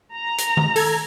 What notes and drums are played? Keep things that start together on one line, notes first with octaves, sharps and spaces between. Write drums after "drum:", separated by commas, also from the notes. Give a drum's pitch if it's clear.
A#5
drum: hi-hat
drum: tom D#3
A4 G#6, drum: open hi-hat